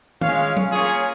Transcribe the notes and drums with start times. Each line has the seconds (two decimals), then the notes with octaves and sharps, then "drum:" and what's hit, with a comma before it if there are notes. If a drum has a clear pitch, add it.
0.21 G#3 C#4 F4 C#5 F5, drum: tom D#3
0.57 drum: tom F#3
0.72 A#3 C#4 F4 G#4 C#5